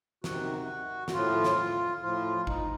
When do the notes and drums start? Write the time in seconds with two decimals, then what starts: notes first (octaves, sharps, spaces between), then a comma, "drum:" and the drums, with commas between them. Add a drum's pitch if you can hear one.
0.24 C3 D#3 F#4, drum: snare
1.08 F#4, drum: snare
1.14 A2 F3 F4
1.44 drum: snare
2.02 A2 F3 F4
2.47 D#4, drum: kick G1